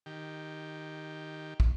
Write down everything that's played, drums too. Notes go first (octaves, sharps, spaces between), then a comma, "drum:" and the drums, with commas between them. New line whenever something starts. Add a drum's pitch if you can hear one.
D#3 G4
drum: kick